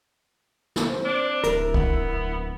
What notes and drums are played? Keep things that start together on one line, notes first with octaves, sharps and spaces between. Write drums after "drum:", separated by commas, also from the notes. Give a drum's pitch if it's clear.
drum: snare
C4
D4
D1 E4 A#4, drum: hi-hat
B3, drum: kick